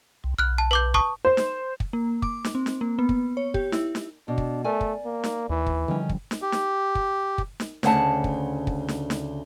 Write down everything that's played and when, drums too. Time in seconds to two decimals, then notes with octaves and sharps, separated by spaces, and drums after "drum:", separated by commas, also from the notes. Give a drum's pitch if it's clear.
0.24 C2
0.39 B1 F6 F#6
0.58 A5
0.71 B4 D6 G6
0.94 A5 C#6 D#6, drum: kick
1.25 C5
1.37 drum: snare
1.80 drum: kick
1.93 A#3
2.22 D6, drum: kick
2.44 drum: snare
2.55 C4
2.66 drum: snare
2.81 A#3
2.99 B3
3.09 drum: kick
3.37 C#5
3.54 G4, drum: kick
3.72 E4, drum: snare
3.95 drum: snare
4.28 B2 D4
4.38 drum: kick
4.64 A3 A#4 D5 G#5
4.81 drum: kick
5.05 A#3
5.24 drum: snare
5.50 D#2 E3
5.66 drum: kick
5.88 D3 D#3 F3 G3 C#4
6.09 drum: kick
6.31 drum: snare
6.42 G4
6.52 drum: snare
6.95 drum: kick
7.38 drum: kick
7.60 drum: snare
7.83 D2 C#3 F#5 A5, drum: snare
8.24 drum: kick
8.67 drum: kick
8.88 drum: snare
9.10 drum: snare